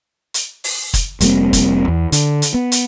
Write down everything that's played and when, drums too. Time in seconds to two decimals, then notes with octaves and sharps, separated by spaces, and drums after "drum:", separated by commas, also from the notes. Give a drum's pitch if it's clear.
0.34 drum: hi-hat
0.64 drum: open hi-hat
0.94 drum: kick, hi-hat
1.21 F1 G3 A#3 C4, drum: hi-hat
1.53 drum: kick, hi-hat
1.88 E2
2.12 D3, drum: hi-hat
2.42 drum: hi-hat
2.54 B3
2.72 drum: hi-hat